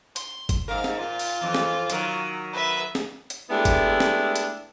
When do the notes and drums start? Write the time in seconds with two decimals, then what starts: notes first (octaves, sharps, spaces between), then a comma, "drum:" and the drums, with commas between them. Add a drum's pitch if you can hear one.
0.16 C6, drum: hi-hat
0.49 drum: kick, hi-hat
0.68 G#2 A#4 F5
0.84 drum: snare
1.00 A#2 F4
1.19 drum: open hi-hat
1.41 F2 E3
1.55 drum: snare
1.90 D#3 F#3 A#4, drum: hi-hat
2.53 B4 E5
2.95 drum: snare
3.30 drum: hi-hat
3.50 G#3 A3 B3 D4 E4 G4
3.65 drum: kick, hi-hat
4.00 drum: snare
4.36 drum: hi-hat